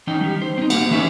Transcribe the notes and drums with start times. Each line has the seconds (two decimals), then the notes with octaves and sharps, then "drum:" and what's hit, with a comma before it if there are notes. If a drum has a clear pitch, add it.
0.07 E3 C#4 D#4 G5
0.21 G3 G4
0.42 C5
0.58 C4 D#4
0.70 A#3 G4 F#5, drum: cymbal
0.91 E3 C#4 E5